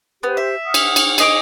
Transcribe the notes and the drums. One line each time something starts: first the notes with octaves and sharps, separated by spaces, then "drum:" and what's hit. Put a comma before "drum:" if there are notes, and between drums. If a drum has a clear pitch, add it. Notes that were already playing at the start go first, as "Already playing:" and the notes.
B3 G4 C5
E5
F#5 D#6 F6
drum: cymbal
drum: cymbal
G#4 D#5 D6, drum: cymbal